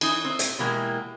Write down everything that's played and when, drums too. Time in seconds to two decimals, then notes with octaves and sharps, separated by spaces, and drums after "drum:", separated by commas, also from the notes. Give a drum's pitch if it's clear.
0.01 E3 D#4, drum: cymbal
0.25 C4
0.39 drum: hi-hat
0.59 B2 E3 G#3 A#3 G4